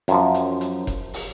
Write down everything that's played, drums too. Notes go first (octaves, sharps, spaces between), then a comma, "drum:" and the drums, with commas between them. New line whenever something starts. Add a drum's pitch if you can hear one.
F#2 F3, drum: hi-hat
drum: hi-hat
drum: hi-hat
drum: kick F1, hi-hat
drum: open hi-hat